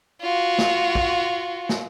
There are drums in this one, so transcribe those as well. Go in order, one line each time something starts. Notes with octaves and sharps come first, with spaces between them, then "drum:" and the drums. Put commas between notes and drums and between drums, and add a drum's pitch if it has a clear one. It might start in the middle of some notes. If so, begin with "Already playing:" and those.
F4 F#4
drum: snare
drum: kick
drum: snare